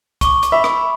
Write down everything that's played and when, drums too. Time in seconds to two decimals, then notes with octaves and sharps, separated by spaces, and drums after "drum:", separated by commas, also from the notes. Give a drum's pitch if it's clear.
0.21 C#6 D6, drum: kick C2, hi-hat
0.43 drum: hi-hat
0.52 E5 B5
0.64 drum: rim click